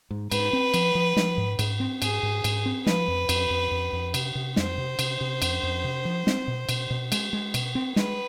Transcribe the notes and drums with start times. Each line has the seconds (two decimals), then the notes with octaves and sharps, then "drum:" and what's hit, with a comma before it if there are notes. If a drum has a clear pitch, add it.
0.11 G#2
0.32 G#2 B4, drum: cymbal
0.53 C4
0.74 F3, drum: cymbal
0.95 F3
1.17 F3, drum: snare
1.38 G#2
1.59 G#2, drum: cymbal
1.80 C4
2.02 G#2 G#4, drum: cymbal
2.23 G#2
2.44 G#2, drum: cymbal
2.66 C4
2.86 F3 B4, drum: snare
3.08 F2
3.29 F2, drum: cymbal
3.50 F2
3.71 F2
3.93 F2
4.14 C3, drum: cymbal
4.35 C3
4.56 F2 C5, drum: snare
4.78 C3
4.99 C3, drum: cymbal
5.21 C3
5.42 F2, drum: cymbal
5.63 F2
5.84 C3
6.05 F3
6.27 C4, drum: snare
6.48 B2
6.69 B2, drum: cymbal
6.90 B2
7.12 G#3, drum: cymbal
7.33 G#3
7.54 B2, drum: cymbal
7.75 C4
7.96 G#3 B4, drum: snare